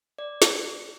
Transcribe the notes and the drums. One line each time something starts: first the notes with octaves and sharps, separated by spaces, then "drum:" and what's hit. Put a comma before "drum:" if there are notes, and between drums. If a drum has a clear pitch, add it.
D5
drum: snare